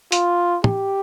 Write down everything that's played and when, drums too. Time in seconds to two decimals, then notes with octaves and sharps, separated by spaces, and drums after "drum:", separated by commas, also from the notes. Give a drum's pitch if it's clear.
0.12 F4, drum: hi-hat
0.64 G4, drum: tom